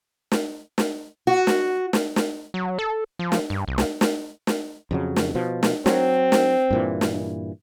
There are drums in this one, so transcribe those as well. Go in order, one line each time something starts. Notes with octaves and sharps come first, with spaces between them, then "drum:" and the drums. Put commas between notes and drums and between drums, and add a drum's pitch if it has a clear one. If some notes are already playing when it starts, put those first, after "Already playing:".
drum: snare
drum: snare
F#4
drum: snare
drum: snare
drum: snare
F#3
A4
F3
drum: snare
G2
C2
drum: snare
drum: snare
drum: snare
F2 C#3 F#3
drum: snare
B2 F3
drum: snare
F#3 C4, drum: snare
drum: snare
G2 A#2 E3
drum: snare